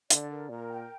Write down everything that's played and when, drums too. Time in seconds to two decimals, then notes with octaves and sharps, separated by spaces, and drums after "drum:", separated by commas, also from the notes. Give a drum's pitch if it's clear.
0.10 D3 D5, drum: hi-hat
0.30 A#4
0.50 A#2 A#4
0.70 G5